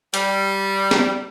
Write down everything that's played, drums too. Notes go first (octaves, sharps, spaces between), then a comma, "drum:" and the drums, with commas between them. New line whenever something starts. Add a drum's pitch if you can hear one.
G3, drum: hi-hat
drum: snare